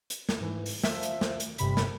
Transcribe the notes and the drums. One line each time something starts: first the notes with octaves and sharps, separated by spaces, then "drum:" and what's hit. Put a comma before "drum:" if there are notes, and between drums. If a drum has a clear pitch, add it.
drum: hi-hat
drum: snare
G#2 E3
drum: open hi-hat
F3 E5, drum: snare
drum: hi-hat
drum: snare
drum: hi-hat
G1 G2 C3 B5 B6, drum: hi-hat
drum: snare